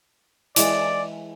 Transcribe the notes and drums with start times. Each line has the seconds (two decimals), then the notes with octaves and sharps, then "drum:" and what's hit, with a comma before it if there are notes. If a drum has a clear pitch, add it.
0.56 E3 G#3 D5, drum: hi-hat